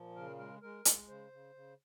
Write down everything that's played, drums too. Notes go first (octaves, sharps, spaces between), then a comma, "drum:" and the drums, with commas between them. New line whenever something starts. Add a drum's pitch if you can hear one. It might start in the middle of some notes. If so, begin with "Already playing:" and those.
Already playing: A#2 F3
C#3 A#4
G#3 A#4
G#3 A#4
G#3, drum: hi-hat
C#3 C5
C#3
C#3